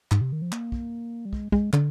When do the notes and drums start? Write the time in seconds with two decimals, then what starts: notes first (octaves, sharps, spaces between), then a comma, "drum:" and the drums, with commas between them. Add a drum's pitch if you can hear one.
0.11 G#2, drum: clap
0.21 C3
0.32 D#3
0.42 F3
0.52 A#3, drum: clap
0.72 drum: kick
1.25 G3
1.33 G#3, drum: kick
1.52 G#3, drum: kick
1.73 D3, drum: clap